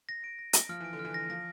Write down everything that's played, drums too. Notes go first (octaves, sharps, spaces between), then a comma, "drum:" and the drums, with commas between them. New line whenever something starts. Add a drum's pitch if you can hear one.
A#6
D7
A#6
A#6, drum: hi-hat
F3 F6
E3 D7
D3
F6
E3
A#6
F3 A#6